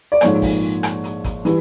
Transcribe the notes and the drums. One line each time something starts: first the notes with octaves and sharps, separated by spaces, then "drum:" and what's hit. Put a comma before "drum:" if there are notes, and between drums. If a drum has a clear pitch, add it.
D5
A#1 G#2 F3 A3 C#5, drum: rim click
drum: kick, open hi-hat
drum: rim click
drum: hi-hat
drum: kick, hi-hat
E3 G3, drum: hi-hat